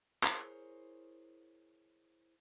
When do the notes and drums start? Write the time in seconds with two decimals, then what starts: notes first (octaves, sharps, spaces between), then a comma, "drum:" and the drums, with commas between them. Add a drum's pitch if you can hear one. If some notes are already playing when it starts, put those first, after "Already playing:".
0.23 E4 G#4 A#4 C5 C#5, drum: clap